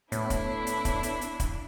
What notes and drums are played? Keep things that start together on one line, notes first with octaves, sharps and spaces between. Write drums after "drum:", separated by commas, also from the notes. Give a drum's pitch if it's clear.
A2 B3 D4 E4 C#5, drum: hi-hat
drum: kick, hi-hat
drum: hi-hat
drum: kick, hi-hat
drum: hi-hat
drum: hi-hat
drum: kick, hi-hat